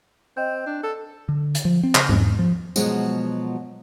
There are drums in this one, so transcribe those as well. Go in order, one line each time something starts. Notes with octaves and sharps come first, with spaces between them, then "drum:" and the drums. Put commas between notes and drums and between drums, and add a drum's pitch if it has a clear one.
C4 D#5 G5 G6
D4
A4
D3
drum: hi-hat
F3
C4
C#3, drum: clap
E2, drum: tom G#2
F3
B2 F3 F#3 G#3 F#4, drum: tambourine